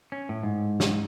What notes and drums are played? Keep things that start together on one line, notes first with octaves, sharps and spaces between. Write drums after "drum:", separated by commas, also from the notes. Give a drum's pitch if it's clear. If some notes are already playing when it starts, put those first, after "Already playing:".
C#4
A2
G#2
drum: snare